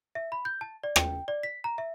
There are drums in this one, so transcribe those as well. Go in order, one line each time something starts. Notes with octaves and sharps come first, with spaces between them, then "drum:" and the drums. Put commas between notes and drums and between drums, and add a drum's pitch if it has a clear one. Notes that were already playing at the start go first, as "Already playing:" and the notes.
E5
B5
G6
A5
D5
G5, drum: rim click
D5
B6
A#5
E5